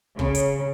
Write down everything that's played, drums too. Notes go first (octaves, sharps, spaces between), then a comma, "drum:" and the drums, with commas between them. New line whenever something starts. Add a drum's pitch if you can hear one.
C#3, drum: kick
drum: hi-hat